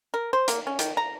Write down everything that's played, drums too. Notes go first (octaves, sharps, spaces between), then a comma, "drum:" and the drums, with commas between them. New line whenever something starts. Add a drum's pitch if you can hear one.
A#4
C5
A#3, drum: hi-hat
C#4
D#3, drum: hi-hat
A#5